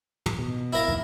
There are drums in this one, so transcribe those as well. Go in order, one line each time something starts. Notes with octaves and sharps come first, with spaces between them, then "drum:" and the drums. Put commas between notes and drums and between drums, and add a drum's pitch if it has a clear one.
drum: tom
B2
E4 A#4 F5
E2 A2 D#3